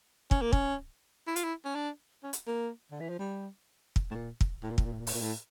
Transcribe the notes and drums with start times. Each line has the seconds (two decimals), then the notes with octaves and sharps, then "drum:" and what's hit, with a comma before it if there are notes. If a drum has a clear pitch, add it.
0.31 C#4, drum: kick
0.42 A#3
0.53 C#4, drum: kick
1.27 E4
1.36 F4, drum: hi-hat
1.44 E4
1.65 C#4
1.75 D4
2.23 C#4
2.33 drum: hi-hat
2.48 A#3
2.91 D3
3.00 E3
3.09 F3
3.19 G3
3.96 drum: kick
4.11 A2
4.15 A#2
4.41 drum: kick
4.63 A2
4.71 A#2
4.78 A2, drum: kick
4.85 A#2
4.92 A2
5.00 A#2
5.07 A2, drum: open hi-hat
5.14 A#2
5.21 A2